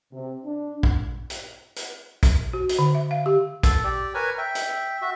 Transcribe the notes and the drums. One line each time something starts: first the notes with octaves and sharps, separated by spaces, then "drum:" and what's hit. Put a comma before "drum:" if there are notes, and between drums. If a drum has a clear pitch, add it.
C3
D4
drum: kick A#1
drum: hi-hat
drum: hi-hat
drum: kick A#1, hi-hat
F#4
drum: hi-hat
D3
E5
F5
G4
A4, drum: kick A#1, hi-hat
G4 D5
A#4 B4 C#5 G#5
E5 G5
drum: hi-hat
F#4 E5